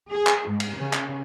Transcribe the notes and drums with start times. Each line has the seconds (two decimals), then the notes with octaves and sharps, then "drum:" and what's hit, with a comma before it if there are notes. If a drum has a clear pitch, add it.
0.10 G#4
0.27 drum: clap
0.48 G#2
0.60 drum: cymbal
0.77 C#3
0.93 drum: clap